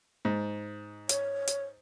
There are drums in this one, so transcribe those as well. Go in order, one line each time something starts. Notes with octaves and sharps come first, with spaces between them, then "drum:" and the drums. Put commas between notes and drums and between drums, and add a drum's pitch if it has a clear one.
G#2
C#5, drum: hi-hat
drum: hi-hat